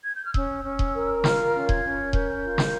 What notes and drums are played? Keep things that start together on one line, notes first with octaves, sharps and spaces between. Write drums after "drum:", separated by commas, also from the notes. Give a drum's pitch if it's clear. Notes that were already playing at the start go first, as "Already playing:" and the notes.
G#6
G6
F6
C#4 E6, drum: kick D#1
C#4
drum: kick D#1
A#4
F4 F6, drum: snare
C#4
G#6, drum: kick D#1
C#4
A#4 G6, drum: kick D#1
F4
drum: snare